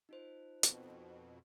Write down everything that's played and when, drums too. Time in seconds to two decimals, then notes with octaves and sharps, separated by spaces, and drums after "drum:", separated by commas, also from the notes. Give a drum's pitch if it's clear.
0.09 D#4 F4 C5
0.63 F2 B2, drum: hi-hat